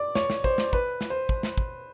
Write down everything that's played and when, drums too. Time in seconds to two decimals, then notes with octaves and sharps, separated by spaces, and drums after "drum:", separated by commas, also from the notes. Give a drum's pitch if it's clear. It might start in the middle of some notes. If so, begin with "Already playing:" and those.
Already playing: D5
0.15 C#5, drum: snare
0.30 drum: snare
0.44 C5, drum: kick
0.58 drum: snare
0.73 B4, drum: kick
1.01 drum: snare
1.10 C5
1.29 drum: kick
1.43 drum: snare
1.57 drum: kick